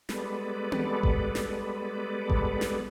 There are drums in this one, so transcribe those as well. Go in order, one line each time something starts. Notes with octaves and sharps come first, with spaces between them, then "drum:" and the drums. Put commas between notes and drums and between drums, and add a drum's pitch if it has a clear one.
G3 G#3 B3 A4 B4 D5, drum: snare
drum: tom B3
drum: kick G#1
drum: snare
drum: kick G#1
drum: snare